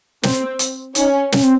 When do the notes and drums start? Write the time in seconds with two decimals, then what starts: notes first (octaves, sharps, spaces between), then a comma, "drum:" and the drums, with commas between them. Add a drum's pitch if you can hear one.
0.23 C4, drum: snare
0.59 drum: hi-hat
0.95 C#4 D#4, drum: hi-hat
1.32 C#4, drum: snare
1.43 C4